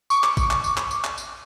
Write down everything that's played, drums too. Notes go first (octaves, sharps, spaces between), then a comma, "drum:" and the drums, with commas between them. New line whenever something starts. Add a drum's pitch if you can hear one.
C#6 D6, drum: tambourine
drum: clap
drum: kick A1, tambourine
drum: clap
drum: tambourine
drum: clap
drum: tambourine
drum: clap
drum: tambourine